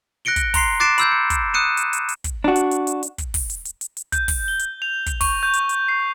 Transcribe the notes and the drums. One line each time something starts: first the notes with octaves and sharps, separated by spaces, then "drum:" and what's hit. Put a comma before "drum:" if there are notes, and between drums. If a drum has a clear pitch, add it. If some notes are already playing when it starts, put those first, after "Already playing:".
F#6 A#6 C#7 D7 G7
drum: kick, hi-hat
A#5 C6 C7, drum: kick, open hi-hat
D6 F#6 A6 C7 D7 E7
B5 E6 G6, drum: hi-hat
C#7
drum: kick, hi-hat
D#6 F#6 C#7 D#7 E7
drum: hi-hat
drum: hi-hat
drum: hi-hat
drum: kick, hi-hat
D4 F#4
drum: hi-hat
drum: hi-hat
drum: hi-hat
drum: hi-hat
drum: kick, hi-hat
drum: kick, open hi-hat
drum: hi-hat
drum: hi-hat
drum: hi-hat
drum: hi-hat
G6, drum: kick, hi-hat
drum: kick, open hi-hat
G7
drum: hi-hat
F7
drum: kick, hi-hat
C#6, drum: kick, open hi-hat
G6
drum: hi-hat
drum: hi-hat
C7